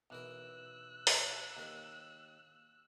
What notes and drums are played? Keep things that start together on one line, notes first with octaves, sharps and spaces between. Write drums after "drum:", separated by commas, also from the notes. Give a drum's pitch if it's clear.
B1 E3 A#4 E6 F#6
drum: open hi-hat
D#2 A#4